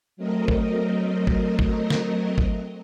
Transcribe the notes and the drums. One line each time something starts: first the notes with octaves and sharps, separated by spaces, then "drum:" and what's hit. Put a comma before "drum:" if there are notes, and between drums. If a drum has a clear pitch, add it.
F#3 A3 C4 A#4 D#5
drum: kick G#1
drum: kick G#1
drum: kick G#1
drum: snare
drum: kick G#1